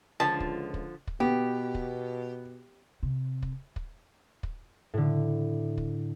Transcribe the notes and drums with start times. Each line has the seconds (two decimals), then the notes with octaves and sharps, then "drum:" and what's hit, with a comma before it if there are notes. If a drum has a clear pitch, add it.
0.20 C#2 D3 F3 A5
0.40 drum: kick
0.74 drum: kick
1.07 drum: kick
1.20 B2 B3 G4
1.75 drum: kick
3.03 C3
3.42 drum: kick
3.76 drum: kick
4.43 drum: kick
4.94 A2 D3
5.78 drum: kick